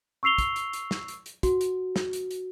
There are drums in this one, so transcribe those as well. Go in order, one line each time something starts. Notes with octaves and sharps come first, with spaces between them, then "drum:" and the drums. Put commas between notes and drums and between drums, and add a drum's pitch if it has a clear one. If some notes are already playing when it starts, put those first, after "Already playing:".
C#6 E6 C7 F7 G7
drum: kick, hi-hat
drum: hi-hat
drum: hi-hat
drum: snare
drum: hi-hat
drum: hi-hat
F#4, drum: kick, hi-hat
drum: hi-hat
drum: snare
drum: hi-hat
drum: hi-hat